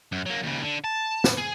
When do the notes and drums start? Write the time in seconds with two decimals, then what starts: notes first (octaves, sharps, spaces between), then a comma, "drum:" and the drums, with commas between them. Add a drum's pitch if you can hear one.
0.12 F#2
0.26 F#3 A#3
0.43 D#2 C#3
0.63 D3
0.84 A5
1.24 drum: snare
1.37 G#4